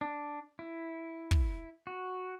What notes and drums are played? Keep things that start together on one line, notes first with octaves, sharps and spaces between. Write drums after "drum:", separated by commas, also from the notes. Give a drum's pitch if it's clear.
D4
E4
drum: kick
F#4